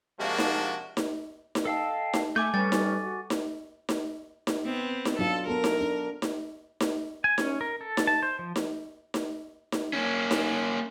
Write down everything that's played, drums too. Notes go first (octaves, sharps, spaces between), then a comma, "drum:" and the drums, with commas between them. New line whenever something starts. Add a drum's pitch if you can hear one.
C3 F3 G#3 A#3 D4 F#4
drum: snare D#4
drum: snare D#4
drum: snare D#4
A4 D#5 F5 G5 A5 E6
drum: snare D#4
A3 G#5 D6 G6 G#6 D#7
G3 C#4 A4 B4 A6
drum: snare D#4
F#4
drum: snare D#4
drum: snare D#4
drum: snare D#4
B3 C4
drum: snare D#4
F#3 D4 F4 A4
B3 A4 A#4
drum: snare D#4
D4
drum: snare D#4
drum: snare D#4
G#5
C#4, drum: snare D#4
A#4
A4
drum: snare D#4
A5
C5
F3
drum: snare D#4
drum: snare D#4
drum: snare D#4
A#3 C#4
drum: snare D#4